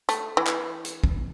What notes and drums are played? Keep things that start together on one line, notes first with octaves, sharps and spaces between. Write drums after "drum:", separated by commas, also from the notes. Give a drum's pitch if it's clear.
A3, drum: hi-hat
E3
drum: clap
drum: hi-hat
drum: kick